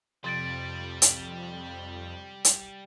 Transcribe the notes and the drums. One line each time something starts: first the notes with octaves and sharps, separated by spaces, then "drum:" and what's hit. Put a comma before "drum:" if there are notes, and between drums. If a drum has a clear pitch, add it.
F2 C3 G3 C6 A6 D7
drum: hi-hat
drum: hi-hat